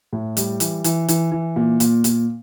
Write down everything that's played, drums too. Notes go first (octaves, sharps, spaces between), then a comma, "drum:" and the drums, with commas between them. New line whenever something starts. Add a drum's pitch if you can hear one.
A2
G3, drum: hi-hat
E3, drum: hi-hat
E3, drum: hi-hat
E3, drum: hi-hat
E3
A#2
A#2, drum: hi-hat
A#2, drum: hi-hat